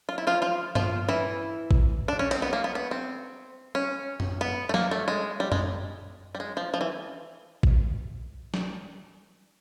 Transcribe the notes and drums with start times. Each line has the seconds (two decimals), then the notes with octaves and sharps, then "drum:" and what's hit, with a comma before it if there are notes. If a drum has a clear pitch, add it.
0.09 F4
0.18 E4
0.27 F3 F4
0.42 F3 F4
0.75 F3 F4, drum: tom G2
1.09 E3 E4
1.71 drum: kick
2.08 D4
2.19 C#4
2.31 C4, drum: cymbal
2.42 B3
2.53 A#3
2.64 B3
2.75 B3
2.91 C4
3.75 C#4
4.20 drum: tom F#2
4.41 B3
4.69 A3
4.74 A#3, drum: snare
4.91 A3
5.08 G#3
5.40 G3
5.52 G#3, drum: tom F#2
6.35 G3
6.40 G#3
6.57 F3
6.74 F3
6.81 E3
7.63 drum: kick
8.54 drum: snare